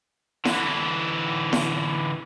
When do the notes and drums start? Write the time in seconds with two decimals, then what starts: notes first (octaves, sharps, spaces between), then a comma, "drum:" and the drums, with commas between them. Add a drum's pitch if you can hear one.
0.45 D3 E3, drum: snare E4
1.53 drum: snare E4